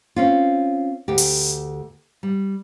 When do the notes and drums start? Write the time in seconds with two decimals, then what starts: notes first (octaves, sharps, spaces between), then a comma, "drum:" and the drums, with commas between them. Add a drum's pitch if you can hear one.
0.16 C4 C#4 F4
1.08 D2 G4
1.18 drum: open hi-hat
2.23 G3